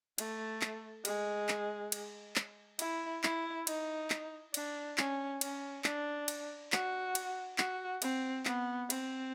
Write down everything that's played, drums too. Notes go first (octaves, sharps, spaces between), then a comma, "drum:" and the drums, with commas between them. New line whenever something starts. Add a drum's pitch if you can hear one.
A3, drum: cymbal
drum: clap
G#3, drum: cymbal
drum: clap
drum: cymbal
drum: clap
E4, drum: cymbal
E4, drum: clap
D#4, drum: cymbal
drum: clap
D4, drum: cymbal
C#4, drum: clap
C#4, drum: cymbal
D4, drum: clap
drum: cymbal
F#4, drum: clap
drum: cymbal
F#4, drum: clap
C4, drum: cymbal
B3, drum: clap
C4, drum: cymbal